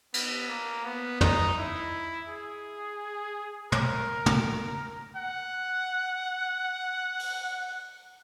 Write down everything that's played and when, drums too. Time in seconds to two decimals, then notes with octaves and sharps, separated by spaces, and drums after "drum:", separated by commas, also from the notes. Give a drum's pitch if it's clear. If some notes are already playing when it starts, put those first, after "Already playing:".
0.14 B3, drum: cymbal
0.49 A#3
0.85 B3
1.21 D#4, drum: tom
1.58 E4
2.29 G#4
3.72 A#4, drum: tom
4.26 drum: tom
5.16 F#5
7.19 drum: open hi-hat